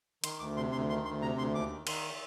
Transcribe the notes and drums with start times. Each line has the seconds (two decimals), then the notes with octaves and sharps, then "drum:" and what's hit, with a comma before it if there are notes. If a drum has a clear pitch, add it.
0.24 D#3 C6, drum: hi-hat
0.40 D2 D6
0.57 C3 C6
0.72 D2 C6
0.90 D#3 C6
1.05 D2 C6
1.21 C3 A#5
1.38 D2 C6
1.54 D#2 D6
1.71 D#3
1.87 D#3 C6, drum: cymbal